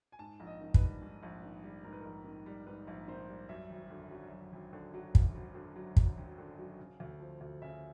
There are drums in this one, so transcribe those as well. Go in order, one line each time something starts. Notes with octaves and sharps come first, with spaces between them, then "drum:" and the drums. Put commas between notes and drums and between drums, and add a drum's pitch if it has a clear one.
G#5
G#2 A5
A#1
D#5
D#3
B4, drum: kick
G3
G#2
A#1
D#3
G3
G#2 A#4
B4
A#1 A#4
D#3
G3
G#2 B4
A#1
D#3 C5
G3
F#2 E5
G#1
D3
F#3
F#2
G#1
D3
F#3
F#2, drum: kick
G#1
D3
F#3
F#2, drum: kick
G#1
D3
F#3
C#3
D2
F3
D2
C#3 E5